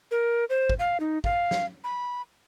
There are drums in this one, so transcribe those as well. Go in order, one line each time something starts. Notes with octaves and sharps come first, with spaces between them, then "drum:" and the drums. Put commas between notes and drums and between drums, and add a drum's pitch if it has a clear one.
A#4
C5
drum: kick
F5
D#4
F5, drum: kick
drum: snare
B5